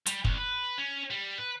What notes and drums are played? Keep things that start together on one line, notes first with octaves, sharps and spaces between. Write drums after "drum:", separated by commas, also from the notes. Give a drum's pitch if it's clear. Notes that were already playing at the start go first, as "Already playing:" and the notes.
G3, drum: hi-hat
C2, drum: kick
B4
C#4
G3
B4